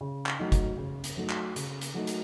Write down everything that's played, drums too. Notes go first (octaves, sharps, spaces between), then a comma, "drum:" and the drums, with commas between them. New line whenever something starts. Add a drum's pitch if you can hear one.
C#3
drum: clap
F#3 A3 D#4
drum: kick, hi-hat
C#3
drum: hi-hat
F#3 A3 D#4
drum: clap
C#3, drum: hi-hat
drum: hi-hat
F#3 A3 D#4
drum: hi-hat